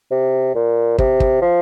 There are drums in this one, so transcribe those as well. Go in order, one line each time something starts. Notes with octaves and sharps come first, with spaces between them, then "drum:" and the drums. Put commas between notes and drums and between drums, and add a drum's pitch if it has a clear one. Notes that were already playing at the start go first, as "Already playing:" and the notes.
C3
A#2
C3, drum: kick
drum: kick
F3